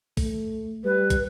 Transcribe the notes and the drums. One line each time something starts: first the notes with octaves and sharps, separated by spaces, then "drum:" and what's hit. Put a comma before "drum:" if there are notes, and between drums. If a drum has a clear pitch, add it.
A3, drum: kick, open hi-hat
G3 B4
drum: kick, hi-hat